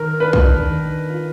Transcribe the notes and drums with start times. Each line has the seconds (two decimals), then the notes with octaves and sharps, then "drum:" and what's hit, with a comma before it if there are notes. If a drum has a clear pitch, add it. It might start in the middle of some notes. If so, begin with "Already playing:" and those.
Already playing: D#3 A#4
0.20 D4 B4
0.33 drum: kick
0.65 D#3
1.10 F4